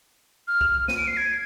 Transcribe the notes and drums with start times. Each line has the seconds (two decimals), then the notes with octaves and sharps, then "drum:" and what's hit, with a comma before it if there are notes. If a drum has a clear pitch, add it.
0.48 F6
0.61 drum: kick
0.88 D#7, drum: snare
0.97 D7
1.07 C7
1.17 G#6